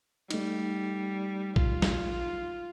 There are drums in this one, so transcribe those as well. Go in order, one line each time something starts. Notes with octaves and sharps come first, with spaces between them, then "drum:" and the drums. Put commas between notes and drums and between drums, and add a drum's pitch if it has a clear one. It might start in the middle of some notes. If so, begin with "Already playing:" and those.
G3 A3 D#4, drum: cymbal
F4, drum: kick
drum: snare